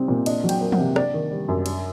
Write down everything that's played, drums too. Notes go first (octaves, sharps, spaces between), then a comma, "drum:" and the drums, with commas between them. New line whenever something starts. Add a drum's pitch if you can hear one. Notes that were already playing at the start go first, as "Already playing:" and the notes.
Already playing: C3 G3 C4 D#4
A#2
D4 D#5, drum: cymbal
F#3
G5, drum: cymbal
A#3
F#5, drum: tom E3
C3
D4 D5, drum: rim click
D#3
G3
F#2
D4, drum: cymbal